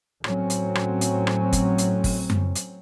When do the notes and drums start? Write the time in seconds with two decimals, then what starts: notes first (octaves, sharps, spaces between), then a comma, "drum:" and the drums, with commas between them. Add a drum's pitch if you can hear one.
0.24 A2 F#3 C4 C#4, drum: rim click
0.50 drum: hi-hat
0.75 drum: rim click
1.01 drum: hi-hat
1.27 drum: rim click
1.53 drum: kick, hi-hat
1.78 drum: hi-hat
2.04 drum: kick, open hi-hat
2.30 drum: tom F#2
2.55 drum: hi-hat